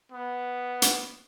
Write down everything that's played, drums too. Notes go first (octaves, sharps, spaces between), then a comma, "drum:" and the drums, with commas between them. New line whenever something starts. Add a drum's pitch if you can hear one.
B3
drum: hi-hat